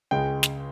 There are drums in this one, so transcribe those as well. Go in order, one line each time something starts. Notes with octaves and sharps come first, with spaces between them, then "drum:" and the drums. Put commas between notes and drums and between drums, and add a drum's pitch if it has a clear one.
C#2 C#3 G#3 G5
drum: snare